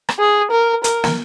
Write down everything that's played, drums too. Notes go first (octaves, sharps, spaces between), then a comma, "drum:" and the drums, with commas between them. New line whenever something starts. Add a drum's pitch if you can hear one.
drum: rim click
G#4
A#4
A#4, drum: hi-hat
drum: snare